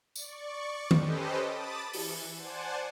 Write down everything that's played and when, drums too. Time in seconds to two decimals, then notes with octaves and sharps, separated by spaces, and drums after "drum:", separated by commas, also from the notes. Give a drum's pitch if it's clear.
0.16 D5 C#6, drum: tambourine
0.91 C#4 G4 A4 B4 C5 D#5, drum: tom D#3
1.39 A5 B5 D6 D#6 A6
1.93 E3, drum: open hi-hat
2.35 C5 D5 F#5 G#5 A5